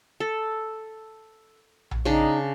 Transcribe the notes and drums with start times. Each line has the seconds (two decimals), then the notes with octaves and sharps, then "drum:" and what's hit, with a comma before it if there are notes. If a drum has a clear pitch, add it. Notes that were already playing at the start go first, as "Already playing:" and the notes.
0.20 A4
1.91 drum: tom A#1
2.05 C#3 D4 D#4